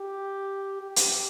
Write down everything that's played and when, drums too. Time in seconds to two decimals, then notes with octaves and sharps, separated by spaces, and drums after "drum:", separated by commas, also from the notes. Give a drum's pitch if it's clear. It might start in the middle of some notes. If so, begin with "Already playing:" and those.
Already playing: G4
0.81 G4
0.96 drum: hi-hat